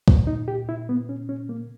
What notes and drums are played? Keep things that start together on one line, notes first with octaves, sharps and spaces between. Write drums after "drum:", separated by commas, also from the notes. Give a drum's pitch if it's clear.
A#2, drum: kick C#2
D#4
G4
E4
B3
C#4
C#4
A#3